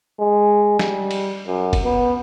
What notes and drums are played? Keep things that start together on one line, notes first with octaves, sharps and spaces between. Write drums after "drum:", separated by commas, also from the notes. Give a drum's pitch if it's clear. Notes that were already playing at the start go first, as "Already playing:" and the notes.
G#3
G3, drum: snare
drum: cymbal
F#2
drum: kick F#1, cymbal
B3